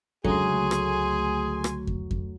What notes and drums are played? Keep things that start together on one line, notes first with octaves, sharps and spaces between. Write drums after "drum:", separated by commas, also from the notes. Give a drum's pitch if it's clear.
C#2 D3 F#3 A3 G#4 G#5 C6, drum: kick F2
drum: rim click
drum: rim click
drum: kick F2
drum: kick F2